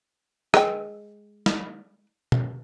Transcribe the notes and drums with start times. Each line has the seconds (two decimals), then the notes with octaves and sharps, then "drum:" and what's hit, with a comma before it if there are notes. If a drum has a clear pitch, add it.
0.54 G#3 G5, drum: rim click
1.46 drum: snare
2.32 drum: tom